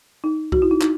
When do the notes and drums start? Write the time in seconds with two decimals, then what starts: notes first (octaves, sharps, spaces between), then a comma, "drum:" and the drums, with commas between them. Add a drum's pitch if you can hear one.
0.24 D#4
0.52 F#4, drum: kick C2
0.62 E4
0.71 D#4
0.81 D#4, drum: clap